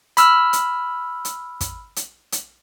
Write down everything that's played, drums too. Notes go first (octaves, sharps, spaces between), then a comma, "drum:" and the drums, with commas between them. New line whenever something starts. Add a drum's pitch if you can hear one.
B5 E6 F6, drum: hi-hat
drum: hi-hat
drum: hi-hat
drum: kick, hi-hat
drum: hi-hat
drum: hi-hat